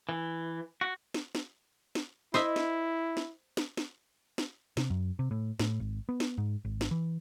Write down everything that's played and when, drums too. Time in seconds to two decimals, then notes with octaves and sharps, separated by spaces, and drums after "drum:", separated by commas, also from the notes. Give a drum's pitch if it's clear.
0.09 E3
0.81 F#4
1.14 drum: snare
1.35 drum: snare
1.95 drum: snare
2.34 E4 C5 D#5 E5, drum: snare
2.56 drum: snare
3.17 drum: snare
3.57 drum: snare
3.77 drum: snare
4.38 drum: snare
4.77 C3, drum: snare
4.90 F#2
5.19 C3
5.31 A2
5.59 A2, drum: snare
5.80 G#1
6.09 B3
6.20 drum: snare
6.38 G#2
6.65 G#1
6.81 drum: snare
6.91 E3